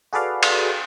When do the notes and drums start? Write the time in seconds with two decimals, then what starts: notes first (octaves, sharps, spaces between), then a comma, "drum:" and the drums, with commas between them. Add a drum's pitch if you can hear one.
0.13 F#4 G#4 A4 B4 D5 F5
0.43 drum: cymbal